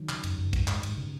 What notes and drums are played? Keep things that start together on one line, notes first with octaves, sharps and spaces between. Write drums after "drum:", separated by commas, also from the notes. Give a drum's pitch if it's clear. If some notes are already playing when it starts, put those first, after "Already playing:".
Already playing: D#3 F#3
C#3, drum: clap
F#2, drum: cymbal
F#2
G#2, drum: kick, cymbal
G#2, drum: clap
G#2, drum: cymbal
C#3